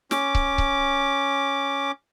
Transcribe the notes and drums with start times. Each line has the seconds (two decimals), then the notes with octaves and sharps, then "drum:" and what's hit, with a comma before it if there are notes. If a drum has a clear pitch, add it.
0.11 C#4 D6, drum: snare
0.35 drum: kick C#1
0.58 drum: kick C#1